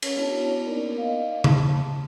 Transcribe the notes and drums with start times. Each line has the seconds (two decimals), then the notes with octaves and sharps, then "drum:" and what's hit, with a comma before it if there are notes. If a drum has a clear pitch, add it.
0.02 C#4 C#5, drum: cymbal
0.17 B3 D4 E4 F#4 C#5 A5
0.66 A#3 B3 C#4 D#4 A#4 D5
0.98 D#5 F5
1.44 A5, drum: tom C#3